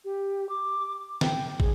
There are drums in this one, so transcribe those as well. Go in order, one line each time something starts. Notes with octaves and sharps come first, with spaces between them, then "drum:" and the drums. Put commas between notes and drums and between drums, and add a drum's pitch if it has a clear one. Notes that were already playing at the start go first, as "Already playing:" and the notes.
G4
D6
G5, drum: snare
G#4, drum: kick